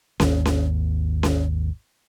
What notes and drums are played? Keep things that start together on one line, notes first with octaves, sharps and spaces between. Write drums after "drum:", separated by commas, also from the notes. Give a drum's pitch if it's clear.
G#1 D#2, drum: snare C#4
drum: snare C#4
drum: snare C#4